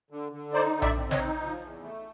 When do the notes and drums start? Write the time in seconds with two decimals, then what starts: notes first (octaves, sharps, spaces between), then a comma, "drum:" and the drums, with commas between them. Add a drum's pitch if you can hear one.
0.10 D3
0.32 D3
0.53 D#4 C5 D5
0.75 D3
0.82 D5 E5, drum: tom A#1
0.96 C4
1.11 C#5 D#5, drum: snare
1.18 D#4
1.40 F3
1.61 E2
1.82 A3